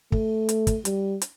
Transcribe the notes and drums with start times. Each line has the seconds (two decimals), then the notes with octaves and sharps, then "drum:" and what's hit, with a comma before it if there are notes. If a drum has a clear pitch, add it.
0.12 A3, drum: kick
0.49 drum: hi-hat
0.67 drum: kick, hi-hat
0.85 G3, drum: hi-hat
1.22 drum: hi-hat